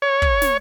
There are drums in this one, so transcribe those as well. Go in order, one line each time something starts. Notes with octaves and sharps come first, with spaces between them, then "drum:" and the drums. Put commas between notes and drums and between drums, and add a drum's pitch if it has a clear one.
C#5
drum: kick
drum: snare